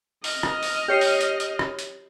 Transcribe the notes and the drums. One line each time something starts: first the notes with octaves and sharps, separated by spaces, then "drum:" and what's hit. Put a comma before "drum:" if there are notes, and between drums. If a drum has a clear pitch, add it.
D#5 F6, drum: open hi-hat
drum: rim click
drum: open hi-hat
G4 C#5 C7
drum: open hi-hat
drum: hi-hat
drum: hi-hat
drum: rim click
drum: hi-hat